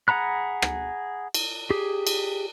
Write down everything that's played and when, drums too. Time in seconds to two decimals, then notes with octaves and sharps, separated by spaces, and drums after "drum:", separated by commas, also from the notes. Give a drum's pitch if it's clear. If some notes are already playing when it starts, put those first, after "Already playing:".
0.08 G#4 F#5 A#5 B5 F#6
0.62 drum: rim click
1.34 drum: cymbal
1.71 G4 G#4
2.07 drum: cymbal